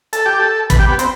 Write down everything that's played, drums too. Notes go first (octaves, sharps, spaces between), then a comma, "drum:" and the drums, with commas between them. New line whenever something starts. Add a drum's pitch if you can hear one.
A4, drum: hi-hat
G4
A4
B4, drum: kick, hi-hat
G4
B3
C4, drum: hi-hat